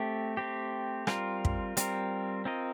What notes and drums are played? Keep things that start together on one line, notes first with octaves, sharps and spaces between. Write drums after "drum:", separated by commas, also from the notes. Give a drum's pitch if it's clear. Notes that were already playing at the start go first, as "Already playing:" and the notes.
Already playing: A3 C4 G4
A3 C4 G4
G3 C4 F4 A#4, drum: rim click
drum: kick
G3 C4 F4 A#4, drum: hi-hat
C4 F4 A#4 D#5